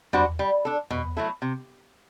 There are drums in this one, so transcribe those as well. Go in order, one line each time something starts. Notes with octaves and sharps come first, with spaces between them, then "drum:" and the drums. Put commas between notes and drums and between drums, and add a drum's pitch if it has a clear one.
G3 D4 F#4 C5, drum: tom E2
G3
D4 A4
B2, drum: tom E2
F#3 A3 E4 A4
C3